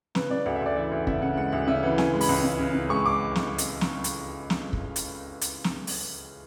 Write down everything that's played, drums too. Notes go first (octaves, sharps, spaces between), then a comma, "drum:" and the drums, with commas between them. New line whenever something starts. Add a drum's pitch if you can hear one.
C#3 B4, drum: snare
C#3 D5
D2 F#5
E5
D2 D5
E3 E5
D2
C#3 E5, drum: kick
C#3 F#5
G#3 F#5
D2 F#5
C#3 E5
E3 F#5
C#3 G#5, drum: snare
G#3
B5, drum: open hi-hat
C#2
C#3
C#3
C#3
G#3 C#6
D6
drum: snare
drum: hi-hat
drum: snare
drum: hi-hat
drum: snare
drum: kick
drum: hi-hat
drum: hi-hat
drum: snare
drum: open hi-hat